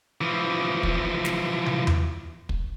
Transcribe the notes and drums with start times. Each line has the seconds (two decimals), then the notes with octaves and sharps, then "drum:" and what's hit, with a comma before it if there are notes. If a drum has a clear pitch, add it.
0.21 E3 F3
0.83 drum: kick
1.25 drum: snare
1.66 drum: tom
1.87 drum: tom E2
2.49 drum: kick